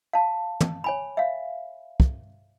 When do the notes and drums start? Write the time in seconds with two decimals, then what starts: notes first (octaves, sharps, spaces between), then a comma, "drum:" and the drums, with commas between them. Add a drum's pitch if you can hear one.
0.13 F5 A5
0.61 drum: tom
0.84 C#5 G#5 B5
1.17 E5 F5
2.00 drum: kick